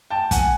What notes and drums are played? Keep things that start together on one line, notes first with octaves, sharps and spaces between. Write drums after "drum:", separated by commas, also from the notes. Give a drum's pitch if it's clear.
G5 A5
F#5 G#5, drum: kick, hi-hat